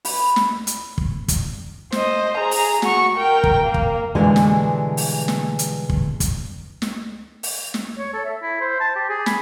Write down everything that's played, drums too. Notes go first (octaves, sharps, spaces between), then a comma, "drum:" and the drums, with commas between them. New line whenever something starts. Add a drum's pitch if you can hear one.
B4, drum: open hi-hat
drum: snare
drum: hi-hat
drum: kick
drum: kick, hi-hat
C5 D#5, drum: snare
G#4 A#5
drum: open hi-hat
F#4 C#6, drum: snare
A#4 G5
drum: kick
A#3
drum: kick
B2 D3 E3 G3 G#3
drum: snare
drum: open hi-hat
drum: snare
drum: hi-hat
drum: kick
drum: kick, hi-hat
drum: snare
drum: open hi-hat
drum: snare
C#5
A4
E5
E4
C5
A5
G4
G#4
B5, drum: snare